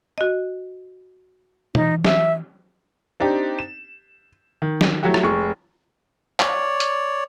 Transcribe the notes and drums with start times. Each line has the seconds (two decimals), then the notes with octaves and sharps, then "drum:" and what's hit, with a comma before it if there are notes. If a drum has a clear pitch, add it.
0.18 F#4 D#5
1.75 E3 D#4, drum: tom
2.05 E5, drum: snare
3.20 C4 D4 D#4 G4
3.59 E7
4.62 D#3
4.81 drum: snare
5.03 F#3 A3 E4 F#4 G4
5.14 drum: rim click
5.23 F1 G#3 C#6
6.40 C#5 D5, drum: clap
6.80 drum: hi-hat